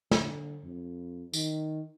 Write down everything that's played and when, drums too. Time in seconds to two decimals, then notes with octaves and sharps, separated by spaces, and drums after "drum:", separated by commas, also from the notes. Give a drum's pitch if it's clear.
0.11 D3, drum: snare
0.64 F2
1.33 D#3, drum: tambourine